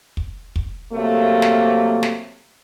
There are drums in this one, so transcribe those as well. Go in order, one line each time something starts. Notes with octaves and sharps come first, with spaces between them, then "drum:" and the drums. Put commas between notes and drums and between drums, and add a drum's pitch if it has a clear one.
drum: kick
drum: kick
C3 F#3 A3 A#3
drum: snare
drum: snare